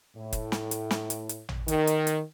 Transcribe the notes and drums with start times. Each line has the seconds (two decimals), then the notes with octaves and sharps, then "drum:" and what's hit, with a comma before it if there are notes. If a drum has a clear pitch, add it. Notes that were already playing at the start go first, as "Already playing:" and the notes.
0.17 A2
0.33 drum: kick, hi-hat
0.52 drum: snare
0.71 drum: hi-hat
0.91 drum: snare
1.10 drum: hi-hat
1.29 drum: hi-hat
1.49 drum: tom A1
1.68 D#3, drum: hi-hat
1.87 drum: hi-hat
2.07 drum: hi-hat